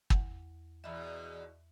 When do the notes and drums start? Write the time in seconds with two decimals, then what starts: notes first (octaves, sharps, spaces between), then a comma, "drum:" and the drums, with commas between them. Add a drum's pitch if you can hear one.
0.10 E2 F#5, drum: kick
0.84 E2 B2 E5 B5